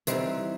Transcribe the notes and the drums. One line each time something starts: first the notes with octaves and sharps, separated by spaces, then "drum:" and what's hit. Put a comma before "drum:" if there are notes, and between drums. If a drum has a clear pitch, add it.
E3 G3 C4 D#4, drum: hi-hat